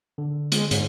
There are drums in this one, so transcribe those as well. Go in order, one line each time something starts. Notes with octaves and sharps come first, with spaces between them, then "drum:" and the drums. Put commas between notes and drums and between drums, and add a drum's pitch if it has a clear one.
D3
G#3, drum: hi-hat
G#2, drum: hi-hat